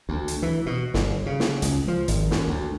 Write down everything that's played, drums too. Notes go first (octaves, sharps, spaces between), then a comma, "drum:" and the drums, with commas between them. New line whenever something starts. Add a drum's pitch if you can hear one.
D2
drum: hi-hat
E3
B2
G1, drum: snare
C#3
drum: snare
C#2, drum: hi-hat
F3
G#1, drum: hi-hat
F#2, drum: snare
D2